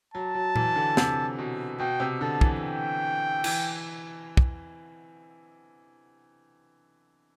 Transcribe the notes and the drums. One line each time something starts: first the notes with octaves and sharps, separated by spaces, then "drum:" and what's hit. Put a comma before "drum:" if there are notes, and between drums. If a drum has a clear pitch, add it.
F#3 A5
F#3
E3, drum: tom A#2
D3
C3, drum: snare
B2
B2 G5
C3
D3 A5
E3, drum: kick
G5
E3, drum: cymbal
drum: kick